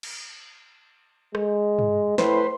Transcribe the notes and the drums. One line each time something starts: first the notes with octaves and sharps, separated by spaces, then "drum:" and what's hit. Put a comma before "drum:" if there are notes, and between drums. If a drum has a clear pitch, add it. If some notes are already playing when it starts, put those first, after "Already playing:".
drum: cymbal
G#3, drum: rim click
drum: tom
A2 B4 C5, drum: snare